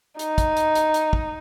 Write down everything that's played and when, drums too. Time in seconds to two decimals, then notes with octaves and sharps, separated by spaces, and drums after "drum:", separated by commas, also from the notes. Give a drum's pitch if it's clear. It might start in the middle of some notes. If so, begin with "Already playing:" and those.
0.19 D#4, drum: hi-hat
0.38 drum: kick, hi-hat
0.57 drum: hi-hat
0.75 drum: hi-hat
0.94 drum: hi-hat
1.13 drum: kick